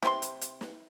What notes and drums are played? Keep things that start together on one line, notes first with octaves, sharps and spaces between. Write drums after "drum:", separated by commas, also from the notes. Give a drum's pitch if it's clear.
C3 F4 C6, drum: snare
drum: hi-hat
drum: hi-hat
drum: snare